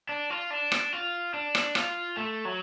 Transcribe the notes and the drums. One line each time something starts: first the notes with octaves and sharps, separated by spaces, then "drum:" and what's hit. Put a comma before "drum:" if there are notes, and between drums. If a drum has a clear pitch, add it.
D4
F4
D4
drum: rim click
F4
D4
drum: rim click
F4, drum: rim click
A3
F#3